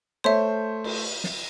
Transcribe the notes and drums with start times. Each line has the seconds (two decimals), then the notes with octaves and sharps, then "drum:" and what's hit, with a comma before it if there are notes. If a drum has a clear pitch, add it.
0.24 A3 C5 C#5 E5
0.84 drum: cymbal
1.24 drum: snare